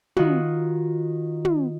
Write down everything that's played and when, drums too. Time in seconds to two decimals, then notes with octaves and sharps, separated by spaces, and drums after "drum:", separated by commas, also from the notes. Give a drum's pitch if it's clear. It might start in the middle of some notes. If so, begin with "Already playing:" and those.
0.16 D#3 F4 F#4, drum: tom
1.45 drum: tom